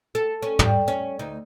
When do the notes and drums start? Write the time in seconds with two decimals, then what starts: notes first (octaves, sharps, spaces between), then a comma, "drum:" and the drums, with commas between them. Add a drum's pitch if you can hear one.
0.15 A4
0.42 C#4
0.59 G3, drum: tom
0.88 C#4
1.19 D2 D#4